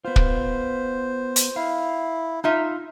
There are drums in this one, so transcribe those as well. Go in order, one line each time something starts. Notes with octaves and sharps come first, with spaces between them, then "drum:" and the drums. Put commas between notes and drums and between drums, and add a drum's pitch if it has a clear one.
B3 F4 C5
drum: kick
drum: hi-hat
E4 F5
D#4 F4 E5